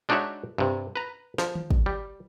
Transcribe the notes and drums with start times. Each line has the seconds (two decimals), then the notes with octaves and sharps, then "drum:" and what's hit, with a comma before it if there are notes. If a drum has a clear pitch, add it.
0.09 G#3 D4 D#4 F#4 C#5 E5
0.58 G2 C3
0.96 B4 A#5
1.38 F3, drum: snare
1.55 drum: tom D#3
1.70 drum: kick
1.86 G3